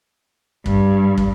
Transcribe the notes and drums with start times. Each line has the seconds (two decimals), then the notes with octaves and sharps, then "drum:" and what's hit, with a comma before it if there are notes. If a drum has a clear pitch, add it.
0.66 G2, drum: kick
1.18 drum: kick